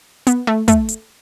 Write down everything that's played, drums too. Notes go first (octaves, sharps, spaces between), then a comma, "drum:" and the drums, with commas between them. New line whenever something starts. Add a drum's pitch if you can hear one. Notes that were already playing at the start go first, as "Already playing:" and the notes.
B3, drum: hi-hat
A3
A3, drum: kick, hi-hat
drum: hi-hat